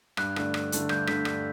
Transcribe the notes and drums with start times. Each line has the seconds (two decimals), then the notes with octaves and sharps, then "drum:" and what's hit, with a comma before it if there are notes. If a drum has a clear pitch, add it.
0.17 G2 F#6, drum: rim click
0.36 D3 A3 D4, drum: rim click
0.54 G2, drum: rim click
0.72 D3 A3 D4, drum: hi-hat
0.89 G2 G6, drum: rim click
1.07 D3 A3 D4 B6, drum: rim click
1.25 G2, drum: rim click